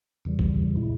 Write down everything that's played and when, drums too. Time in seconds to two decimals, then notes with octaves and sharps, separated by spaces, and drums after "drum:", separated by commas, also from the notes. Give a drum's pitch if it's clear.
0.25 E2 C#3 E3 G3
0.39 drum: kick
0.76 A#2 G#3 E4